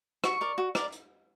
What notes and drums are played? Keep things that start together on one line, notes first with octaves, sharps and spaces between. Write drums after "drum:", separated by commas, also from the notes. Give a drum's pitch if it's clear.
F#4 C#6, drum: rim click
A#4 D5
F#4
A#4 D5, drum: rim click
drum: hi-hat